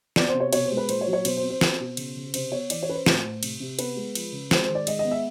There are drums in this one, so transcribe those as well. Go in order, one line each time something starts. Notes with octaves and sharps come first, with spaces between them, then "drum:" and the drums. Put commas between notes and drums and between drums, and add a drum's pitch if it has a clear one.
B3 D5, drum: snare
C5
C3
C#5
B2 C#5, drum: cymbal
C5
G#3
B4
A#2 C5, drum: cymbal
C#5
F#3
C#5
B2 C5, drum: cymbal
C5
C4
C5
C4, drum: snare
B2
C#3, drum: cymbal
C#3
C3 C5, drum: cymbal
B3 C#5
E3 D5, drum: cymbal
C#5
C#4 B4
C5
A2, drum: snare
A2
C3, drum: cymbal
C3
B3 B4, drum: cymbal
G#3
F3, drum: cymbal
C#3
G#3 C5, drum: snare
C5
D#3
D5
G#3 D#5, drum: cymbal
D#5
B3
E5